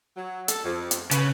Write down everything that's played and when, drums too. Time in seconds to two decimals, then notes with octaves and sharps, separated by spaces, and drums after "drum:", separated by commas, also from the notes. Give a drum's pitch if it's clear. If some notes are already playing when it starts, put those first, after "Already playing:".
0.16 F#3
0.48 A4, drum: hi-hat
0.64 F2
0.91 drum: hi-hat
1.11 C#3 B4, drum: hi-hat